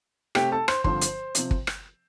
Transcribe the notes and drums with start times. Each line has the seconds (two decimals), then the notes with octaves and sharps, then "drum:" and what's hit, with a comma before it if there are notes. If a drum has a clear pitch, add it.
0.35 C3 A3 C4 G4 G5, drum: rim click
0.52 A4 A5
0.68 C5 C6, drum: rim click
0.84 G2 D3 F3 C4 C5 C6, drum: kick
1.01 drum: hi-hat
1.35 C3 F3 C4, drum: hi-hat
1.51 drum: kick
1.67 drum: rim click